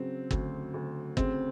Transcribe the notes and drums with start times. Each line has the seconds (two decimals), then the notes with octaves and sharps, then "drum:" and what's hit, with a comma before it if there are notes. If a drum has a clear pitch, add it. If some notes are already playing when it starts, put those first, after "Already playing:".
Already playing: C#3 F#3 C4
0.31 D2, drum: kick
0.74 D2
1.17 C#3 C4, drum: kick